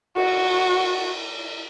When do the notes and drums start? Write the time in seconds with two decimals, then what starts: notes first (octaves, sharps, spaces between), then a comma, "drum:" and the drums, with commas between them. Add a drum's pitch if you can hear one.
0.16 F#4, drum: cymbal